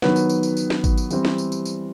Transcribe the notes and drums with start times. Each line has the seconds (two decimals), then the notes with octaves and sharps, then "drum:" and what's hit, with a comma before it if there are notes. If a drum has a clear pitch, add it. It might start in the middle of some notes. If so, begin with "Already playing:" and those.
0.02 D#3 F#3 B3, drum: snare
0.16 drum: tambourine
0.29 drum: tambourine
0.43 drum: tambourine
0.57 drum: tambourine
0.70 drum: snare
0.84 drum: kick G#1, tambourine
0.97 drum: tambourine
1.10 E3 G3 C4, drum: tambourine
1.25 drum: snare
1.38 drum: tambourine
1.52 drum: tambourine
1.65 drum: tambourine